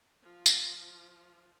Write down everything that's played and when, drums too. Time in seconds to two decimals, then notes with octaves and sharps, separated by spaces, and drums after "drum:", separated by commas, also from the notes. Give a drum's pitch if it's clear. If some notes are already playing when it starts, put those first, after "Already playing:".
0.22 F3 F4
0.46 drum: tambourine